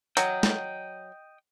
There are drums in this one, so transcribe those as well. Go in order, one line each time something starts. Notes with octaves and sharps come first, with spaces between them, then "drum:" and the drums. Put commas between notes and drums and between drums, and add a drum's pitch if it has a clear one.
F#3 D#5 G5, drum: hi-hat
drum: snare